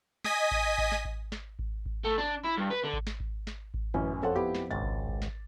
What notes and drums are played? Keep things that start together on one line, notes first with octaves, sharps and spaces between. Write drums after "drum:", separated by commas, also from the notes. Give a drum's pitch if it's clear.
D#5 G#5 D#6 B6, drum: snare
drum: kick G#1
drum: kick G#1
drum: snare
drum: kick G#1
drum: snare
drum: kick G#1
drum: kick G#1
A3
D4
E4
G2
B4
D3
drum: kick G#1
drum: snare
drum: kick G#1
drum: snare
drum: kick G#1
A1 F#2 E3 C#4
F2 A4 C5 C#5 F#5
B3 E4 G4
drum: snare
G#1 C#2 A6
drum: kick G#1
drum: kick G#1
drum: snare